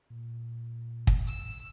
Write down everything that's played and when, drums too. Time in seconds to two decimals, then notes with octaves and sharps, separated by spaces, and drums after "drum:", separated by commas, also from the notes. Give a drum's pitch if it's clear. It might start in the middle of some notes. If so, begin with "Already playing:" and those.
0.10 A#2
1.07 drum: kick
1.27 E6